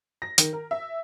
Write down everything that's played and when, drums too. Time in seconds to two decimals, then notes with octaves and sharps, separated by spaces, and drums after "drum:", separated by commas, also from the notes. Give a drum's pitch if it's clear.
0.22 A#6
0.38 D#3, drum: hi-hat
0.53 A#4
0.71 E5